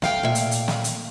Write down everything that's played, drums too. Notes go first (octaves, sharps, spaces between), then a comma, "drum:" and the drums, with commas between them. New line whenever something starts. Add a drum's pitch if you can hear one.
A3 F5 G5, drum: snare
A#2 E5
drum: hi-hat
drum: hi-hat
drum: snare
drum: hi-hat